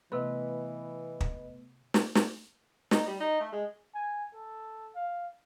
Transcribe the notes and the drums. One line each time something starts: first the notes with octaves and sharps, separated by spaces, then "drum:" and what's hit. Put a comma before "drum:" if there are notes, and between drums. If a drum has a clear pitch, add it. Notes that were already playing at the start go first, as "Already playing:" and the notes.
C3 E3 A3 B3 A4 B4 D#5 C6
drum: kick
drum: snare
drum: snare
D#4, drum: snare
G3
D#4
A3
G#3
G#5
A4
F5